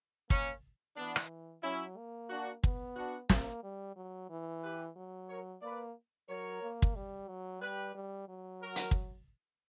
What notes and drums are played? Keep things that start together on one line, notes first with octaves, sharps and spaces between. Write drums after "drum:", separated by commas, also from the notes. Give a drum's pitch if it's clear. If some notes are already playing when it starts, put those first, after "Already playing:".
A#3 C#4, drum: kick
E3 B3 D4
drum: rim click
F#3 C#4 E4
A#3
D4 F#4
B3, drum: kick
D4 F#4
A#3, drum: snare
G3
F#3
E3
G4 B4
F#3
A#4 C#5
A#3 B4 D5
F#3 A#4 C#5
A#3
drum: kick
G3
F#3
G3 G4 B4
G3
F#3
F#4 A#4
drum: hi-hat
drum: kick